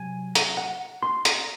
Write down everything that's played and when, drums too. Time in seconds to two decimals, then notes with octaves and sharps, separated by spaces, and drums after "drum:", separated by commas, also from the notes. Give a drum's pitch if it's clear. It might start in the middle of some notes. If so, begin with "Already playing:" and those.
Already playing: C3 F#3 G#5
0.35 A#5, drum: hi-hat
0.57 F#5
1.03 C6
1.25 A#5, drum: hi-hat